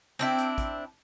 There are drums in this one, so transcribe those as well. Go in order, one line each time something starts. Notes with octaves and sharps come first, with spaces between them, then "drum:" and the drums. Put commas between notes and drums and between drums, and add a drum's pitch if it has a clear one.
C4 D4 E4
drum: hi-hat
drum: kick, hi-hat